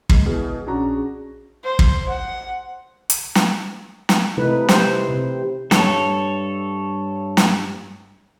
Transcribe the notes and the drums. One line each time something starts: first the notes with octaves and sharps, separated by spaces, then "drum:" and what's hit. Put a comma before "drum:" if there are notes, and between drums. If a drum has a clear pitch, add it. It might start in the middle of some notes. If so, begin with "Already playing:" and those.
G#3, drum: kick
B2 E3 G#4
A#1 C#4 D4 F#4 A#5
C5
drum: kick
F#5
drum: hi-hat
drum: snare
drum: snare
C3 E3 A3 D#4 B4
C5, drum: snare
C3
G2 A4 C#5, drum: snare
drum: snare